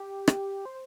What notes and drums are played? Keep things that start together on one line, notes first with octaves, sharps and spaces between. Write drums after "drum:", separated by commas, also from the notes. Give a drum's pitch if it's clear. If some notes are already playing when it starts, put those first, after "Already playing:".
Already playing: G4
drum: rim click
C5